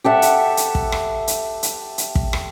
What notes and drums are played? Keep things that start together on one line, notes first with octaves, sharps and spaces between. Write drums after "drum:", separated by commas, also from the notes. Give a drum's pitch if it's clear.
G4 A4 E5 F#5
drum: hi-hat
drum: hi-hat
drum: kick
drum: rim click
drum: hi-hat
drum: hi-hat
drum: hi-hat
drum: kick
drum: rim click